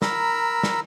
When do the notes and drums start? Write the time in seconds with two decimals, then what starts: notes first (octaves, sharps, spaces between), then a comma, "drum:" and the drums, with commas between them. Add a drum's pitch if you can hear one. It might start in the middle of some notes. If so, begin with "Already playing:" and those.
0.02 A#4 A#5 B5 E6, drum: snare
0.63 drum: snare